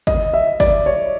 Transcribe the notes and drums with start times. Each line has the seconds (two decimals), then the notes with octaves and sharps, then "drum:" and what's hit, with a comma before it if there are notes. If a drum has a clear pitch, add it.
0.07 D#5, drum: kick
0.34 E5
0.60 D5, drum: kick, open hi-hat
0.86 C#5